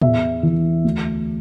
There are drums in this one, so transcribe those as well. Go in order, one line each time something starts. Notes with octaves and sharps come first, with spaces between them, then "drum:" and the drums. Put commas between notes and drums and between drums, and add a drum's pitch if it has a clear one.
E2 E5, drum: tom A2
E3
D2